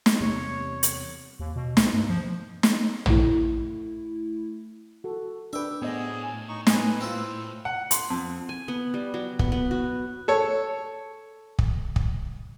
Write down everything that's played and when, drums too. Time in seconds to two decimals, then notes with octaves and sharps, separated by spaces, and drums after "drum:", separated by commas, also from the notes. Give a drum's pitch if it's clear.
0.06 drum: snare
0.21 E2 C3 G3 C#5
0.83 drum: hi-hat
1.40 D#2
1.56 B2
1.77 D2, drum: snare
1.94 G2
2.09 F3
2.63 drum: snare
3.06 A3 E4, drum: tom
5.04 F#4 A4
5.53 D4 G4 B4 E5
5.82 A2 B3 G#4 C5 D#5 G#5
6.49 D#4 C#6
6.67 B4 D#5 G#5, drum: snare
7.01 C4 E4 F4
7.65 F#5
7.91 C6, drum: hi-hat
8.10 F2
8.49 G#5
8.68 B3
8.94 G3
9.14 F#3
9.39 B3, drum: kick
9.52 B3
9.71 F#4
10.28 A4 C#5
11.59 drum: kick
11.96 drum: kick